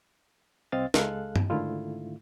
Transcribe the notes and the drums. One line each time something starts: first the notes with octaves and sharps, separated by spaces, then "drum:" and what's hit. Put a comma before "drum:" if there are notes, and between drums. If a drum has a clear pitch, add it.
C2 C4 C5 D#5 F5 A6
C#2 G#3 A4 F5 F#6, drum: snare
drum: tom G2
G#2 D3 D#3 A3 E4 F4